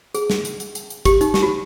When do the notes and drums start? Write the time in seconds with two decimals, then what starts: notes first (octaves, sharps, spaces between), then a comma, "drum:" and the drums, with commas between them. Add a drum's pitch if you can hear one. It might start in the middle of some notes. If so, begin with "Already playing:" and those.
0.15 G#4, drum: hi-hat
0.30 drum: snare
0.45 drum: hi-hat
0.60 drum: hi-hat
0.75 drum: hi-hat
0.90 drum: hi-hat
1.05 G4, drum: kick, hi-hat
1.21 D#4, drum: hi-hat
1.34 G4, drum: snare
1.43 F#4